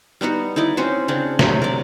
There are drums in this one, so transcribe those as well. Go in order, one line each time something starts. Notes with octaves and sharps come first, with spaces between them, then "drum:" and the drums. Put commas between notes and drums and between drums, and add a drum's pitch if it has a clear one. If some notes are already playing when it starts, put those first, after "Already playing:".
G3 B3 D#4 F#4
D#4 E4 D5 D#5
C4 C#4 F#4 C5
C#3 C4 D4 F#5
C3 F#3, drum: snare
A#4 D5